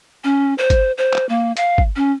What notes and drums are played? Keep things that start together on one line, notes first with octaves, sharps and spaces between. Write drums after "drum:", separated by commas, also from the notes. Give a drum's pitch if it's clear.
C#4
C5
drum: kick, hi-hat
C5
drum: clap
A#3
F5, drum: hi-hat
drum: kick
C#4